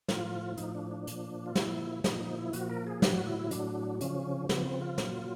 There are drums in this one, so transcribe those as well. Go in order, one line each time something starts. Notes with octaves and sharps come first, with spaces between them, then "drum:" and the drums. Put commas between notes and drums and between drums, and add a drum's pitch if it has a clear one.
A2 F3 F4, drum: snare
A2 F3 D#4, drum: hi-hat
D4
D4
A#2 F3, drum: hi-hat
F4
A#2 F3 E4, drum: snare
A#2 F3 D#4, drum: snare
D#4
E4
A#2 F3 F#4, drum: hi-hat
A#4
G#4
A2 F#3 F#4, drum: snare
F#4
E4
E4
A2 F#3 D4, drum: hi-hat
C#3 F3 C#4, drum: hi-hat
C#3 F3 B3, drum: snare
C4
F4
A#2 F#3, drum: snare